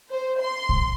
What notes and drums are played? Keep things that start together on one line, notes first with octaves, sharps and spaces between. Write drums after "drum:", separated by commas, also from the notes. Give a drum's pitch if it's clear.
C5
C6
drum: kick A#1